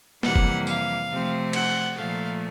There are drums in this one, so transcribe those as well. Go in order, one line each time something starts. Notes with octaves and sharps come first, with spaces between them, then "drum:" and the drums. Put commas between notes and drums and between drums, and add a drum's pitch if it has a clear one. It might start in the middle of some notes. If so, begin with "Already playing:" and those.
F2 C3 E3 G3 A#3 F#5, drum: snare
drum: kick F#1
F5, drum: tambourine
C3 F3 A3 C4
F#5, drum: cymbal
A#2 F3 A3 F5